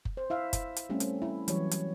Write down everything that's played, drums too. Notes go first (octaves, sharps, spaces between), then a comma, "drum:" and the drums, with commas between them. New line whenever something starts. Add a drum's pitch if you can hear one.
drum: kick F#1
C5
E4 E5 F5
drum: kick F#1, hi-hat
drum: hi-hat
G3 A3 C4 C#4
drum: hi-hat
E4
E3 F#3 G3 C#5, drum: hi-hat
drum: hi-hat